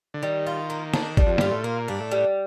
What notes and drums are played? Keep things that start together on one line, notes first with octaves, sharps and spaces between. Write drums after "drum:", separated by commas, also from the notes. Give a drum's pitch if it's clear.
D3
D#3 G3
F4
A#3
D4, drum: snare
G3, drum: kick
F2
G2 F4, drum: snare
A2
A#2 A#3
G2 D4
A2
G3